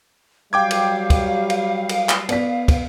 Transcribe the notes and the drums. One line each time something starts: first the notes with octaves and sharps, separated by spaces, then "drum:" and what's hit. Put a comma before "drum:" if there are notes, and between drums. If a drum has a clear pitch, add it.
F#3 G3 F5 G5 D6 G#6
drum: cymbal
drum: kick, cymbal
drum: cymbal
drum: cymbal
drum: clap
B3 D5 B6, drum: cymbal
drum: kick, cymbal